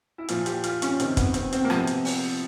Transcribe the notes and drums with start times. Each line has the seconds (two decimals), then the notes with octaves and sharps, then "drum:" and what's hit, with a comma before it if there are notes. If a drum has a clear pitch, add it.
0.18 E4
0.29 A#2 F3 F4, drum: hi-hat
0.46 G4, drum: hi-hat
0.64 F4, drum: hi-hat
0.82 C#4, drum: hi-hat
1.00 C3 D#3 C4, drum: hi-hat
1.17 B3, drum: kick, hi-hat
1.34 C4, drum: hi-hat
1.53 C4, drum: hi-hat
1.65 A#3
1.70 C3 F3 B3, drum: rim click
1.87 drum: hi-hat
2.05 drum: open hi-hat